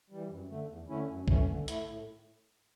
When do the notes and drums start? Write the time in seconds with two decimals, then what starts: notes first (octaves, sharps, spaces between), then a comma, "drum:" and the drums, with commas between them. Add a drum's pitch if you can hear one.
0.10 E3 G3
0.30 F#2
0.50 D3 A3
0.69 E2
0.89 D3 A3 C#4 E4
1.09 F#2
1.28 E3 A3 C#4, drum: kick A#1
1.48 D3
1.68 A3 E4, drum: hi-hat
1.88 A2